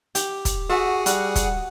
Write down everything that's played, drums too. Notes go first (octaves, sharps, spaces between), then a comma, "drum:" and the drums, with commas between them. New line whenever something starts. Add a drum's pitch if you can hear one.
G4, drum: hi-hat
drum: kick, hi-hat
F#4 G#4 E5 F#5 G#5
G3 F#4, drum: hi-hat
drum: kick, hi-hat